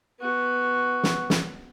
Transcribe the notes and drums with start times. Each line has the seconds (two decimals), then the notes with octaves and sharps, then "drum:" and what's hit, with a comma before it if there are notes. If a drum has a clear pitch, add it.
0.21 B3 F#4
1.04 drum: snare
1.30 drum: snare